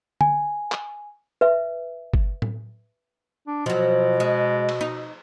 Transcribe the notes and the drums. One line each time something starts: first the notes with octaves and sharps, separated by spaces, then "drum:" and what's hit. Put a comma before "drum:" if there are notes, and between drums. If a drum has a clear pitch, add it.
G#5, drum: tom D3
drum: clap
B4 E5
drum: kick G1
drum: tom A2
D4
B2 F3 F#3
G#3
drum: cymbal
D#4